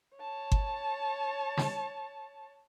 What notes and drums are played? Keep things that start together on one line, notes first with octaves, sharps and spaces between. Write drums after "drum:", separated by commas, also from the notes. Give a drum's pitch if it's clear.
C#5 A5
drum: kick G1
drum: snare